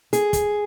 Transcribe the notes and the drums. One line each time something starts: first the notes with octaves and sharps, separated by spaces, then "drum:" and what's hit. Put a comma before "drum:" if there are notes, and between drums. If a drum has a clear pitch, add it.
G#4, drum: hi-hat
drum: kick, hi-hat